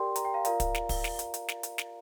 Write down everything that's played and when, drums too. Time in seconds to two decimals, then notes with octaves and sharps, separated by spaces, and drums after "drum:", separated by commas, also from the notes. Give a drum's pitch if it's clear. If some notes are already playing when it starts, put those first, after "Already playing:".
Already playing: G4 A#4 D5 G5 C6
0.16 A#5, drum: hi-hat
0.25 G5
0.34 F5 A#5
0.45 F4 A#4 D5 F5 A#5, drum: hi-hat
0.60 drum: kick, hi-hat
0.75 drum: snare
0.89 drum: kick, open hi-hat
1.04 drum: snare
1.19 drum: hi-hat
1.34 drum: hi-hat
1.48 drum: snare
1.63 drum: hi-hat
1.78 drum: snare